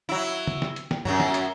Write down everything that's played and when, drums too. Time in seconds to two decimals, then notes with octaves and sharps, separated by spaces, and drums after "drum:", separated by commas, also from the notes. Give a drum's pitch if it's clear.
0.09 F#3 E4
0.47 drum: tom
0.62 drum: snare
0.76 drum: hi-hat
0.91 drum: snare
1.05 F#2 A2 F#3, drum: tom G2
1.20 drum: snare
1.34 drum: hi-hat